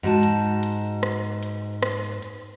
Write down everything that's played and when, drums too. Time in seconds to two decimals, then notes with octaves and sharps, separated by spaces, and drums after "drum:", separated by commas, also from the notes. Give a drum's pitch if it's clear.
0.03 G#2 F#4 A5
0.23 drum: hi-hat
0.63 drum: hi-hat
1.03 drum: rim click
1.43 drum: hi-hat
1.83 drum: rim click
2.22 drum: hi-hat